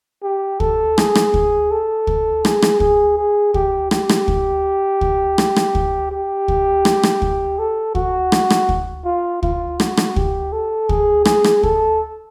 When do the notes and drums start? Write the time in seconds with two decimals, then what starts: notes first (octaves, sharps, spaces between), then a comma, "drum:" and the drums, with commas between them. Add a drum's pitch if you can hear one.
0.24 G4
0.60 A4, drum: kick
0.98 G#4, drum: rim click
1.15 drum: rim click
1.34 drum: kick
1.71 A4
2.07 drum: kick
2.45 G#4, drum: rim click
2.62 drum: rim click
2.80 G#4, drum: kick
3.17 G#4
3.54 G4, drum: kick
3.91 G4, drum: rim click
4.09 drum: rim click
4.28 drum: kick
5.01 drum: kick
5.38 drum: rim click
5.56 drum: rim click
5.75 drum: kick
6.12 G4
6.48 drum: kick
6.85 drum: rim click
7.03 drum: rim click
7.22 drum: kick
7.59 A4
7.95 F#4, drum: kick
8.32 drum: rim click
8.50 drum: rim click
8.69 drum: kick
9.05 F4
9.43 F4, drum: kick
9.80 F#4, drum: rim click
9.97 drum: rim click
10.16 G4, drum: kick
10.53 A4
10.89 G#4, drum: kick
11.25 G#4, drum: rim click
11.44 drum: rim click
11.63 A4, drum: kick